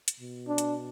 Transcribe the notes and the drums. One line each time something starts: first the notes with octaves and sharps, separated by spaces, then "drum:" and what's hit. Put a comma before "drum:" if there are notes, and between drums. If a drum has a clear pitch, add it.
drum: hi-hat
B2
D4
drum: hi-hat